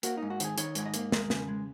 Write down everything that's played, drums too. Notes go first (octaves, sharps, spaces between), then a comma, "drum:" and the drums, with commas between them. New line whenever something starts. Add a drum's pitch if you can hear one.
A#3 F#4, drum: hi-hat
G#2 D#4
F#4
D#3 G#4, drum: hi-hat
D#3 C#5, drum: hi-hat
G#2 C#5, drum: hi-hat
D#5
A#3, drum: hi-hat
G#3 A#4, drum: snare
C#3, drum: snare
G#3